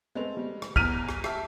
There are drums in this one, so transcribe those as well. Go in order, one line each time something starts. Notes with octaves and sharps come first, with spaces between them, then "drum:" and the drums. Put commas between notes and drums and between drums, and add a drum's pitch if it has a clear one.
G#3 A3 C4 B4 F7
G3
drum: rim click
E2 A#5 F6 B6 D#7, drum: kick
drum: rim click
G4 E5 A5, drum: rim click